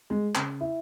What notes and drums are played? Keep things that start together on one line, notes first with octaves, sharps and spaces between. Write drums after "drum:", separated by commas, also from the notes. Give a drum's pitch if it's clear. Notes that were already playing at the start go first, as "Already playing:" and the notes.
G#3
C#3, drum: clap
E4